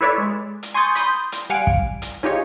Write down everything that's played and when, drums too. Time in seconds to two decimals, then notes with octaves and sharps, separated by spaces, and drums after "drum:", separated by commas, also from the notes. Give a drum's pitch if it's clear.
0.01 E4 A4 B4 C#5 D5 E5
0.18 G#3
0.63 drum: hi-hat
0.74 G#5 C6 C#6 D#6 G6 A6
0.95 B5 C6 D#6 G6, drum: hi-hat
1.32 drum: hi-hat
1.50 G3 F5 F#5 G#5 D7
1.67 drum: kick
2.02 drum: hi-hat
2.23 C#4 D#4 F4 G4 G#4 C#5